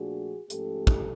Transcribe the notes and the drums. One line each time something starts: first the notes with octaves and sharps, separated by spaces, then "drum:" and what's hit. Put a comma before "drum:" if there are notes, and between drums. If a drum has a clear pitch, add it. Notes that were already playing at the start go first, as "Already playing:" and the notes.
Already playing: A#2 F3 A3 D4 F#4 G#4
G#2 F3 A3 C#4 G4 A4, drum: hi-hat
drum: kick